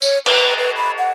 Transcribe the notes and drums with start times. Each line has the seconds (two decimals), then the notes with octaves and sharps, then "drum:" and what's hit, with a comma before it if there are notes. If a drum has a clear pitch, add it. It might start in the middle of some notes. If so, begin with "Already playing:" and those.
0.02 C#5, drum: tambourine
0.26 B4, drum: cymbal
0.58 B4
0.77 B5
0.98 F#5